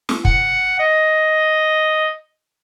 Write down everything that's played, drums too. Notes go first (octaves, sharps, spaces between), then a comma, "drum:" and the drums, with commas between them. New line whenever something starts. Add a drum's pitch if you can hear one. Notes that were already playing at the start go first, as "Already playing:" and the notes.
drum: snare
F#5, drum: kick
D#5